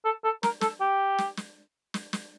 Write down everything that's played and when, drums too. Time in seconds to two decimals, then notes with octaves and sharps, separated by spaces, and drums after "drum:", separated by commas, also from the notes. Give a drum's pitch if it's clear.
0.05 A4
0.24 A4
0.43 A#4, drum: snare
0.61 A4, drum: snare
0.81 G4
1.18 drum: snare
1.37 drum: snare
1.94 drum: snare
2.13 drum: snare